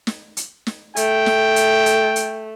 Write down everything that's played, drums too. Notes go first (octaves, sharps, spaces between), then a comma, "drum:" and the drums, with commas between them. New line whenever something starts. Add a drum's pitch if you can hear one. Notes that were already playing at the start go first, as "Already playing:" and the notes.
drum: snare
drum: hi-hat
drum: snare
A3 G5, drum: hi-hat
drum: snare
drum: hi-hat
drum: hi-hat
drum: hi-hat